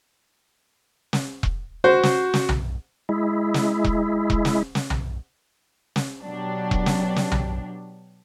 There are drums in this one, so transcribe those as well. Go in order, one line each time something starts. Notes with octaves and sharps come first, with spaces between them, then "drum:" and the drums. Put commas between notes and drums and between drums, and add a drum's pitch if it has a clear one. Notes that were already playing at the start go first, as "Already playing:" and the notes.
drum: snare
drum: kick E1
F#4 C5
drum: snare
drum: snare
drum: tom B1
G#3 E4
drum: snare
drum: kick E1
drum: kick E1
drum: snare
drum: snare
drum: tom B1
drum: snare
B2 F#3 D4 G4
drum: kick E1
drum: snare
drum: snare
drum: tom B1